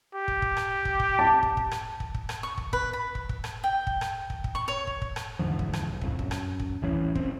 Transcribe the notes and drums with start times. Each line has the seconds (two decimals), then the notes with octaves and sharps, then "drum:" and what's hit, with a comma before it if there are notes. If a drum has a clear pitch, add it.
0.15 G4
0.28 drum: kick
0.42 drum: kick
0.57 drum: rim click
0.85 drum: kick
1.00 drum: kick
1.19 A5
1.43 drum: kick
1.57 drum: kick
1.71 drum: rim click
2.00 drum: kick
2.14 drum: kick
2.29 drum: rim click
2.43 C#6
2.58 drum: kick
2.73 B4, drum: kick
2.93 B5
3.15 drum: kick
3.29 drum: kick
3.44 drum: rim click
3.64 G5
3.87 drum: kick
4.01 drum: rim click
4.30 drum: kick
4.44 drum: kick
4.55 C#6
4.68 C#5
4.87 drum: kick
5.02 drum: kick
5.16 drum: rim click
5.39 E2 G#2 D3 F3
5.59 drum: kick
5.73 drum: rim click
5.88 B1
6.01 C2 F2 A#2, drum: kick
6.19 F#2, drum: kick
6.31 drum: rim click
6.60 drum: kick
6.82 D#1 A1 E3 C#4
7.15 F#1 C4, drum: kick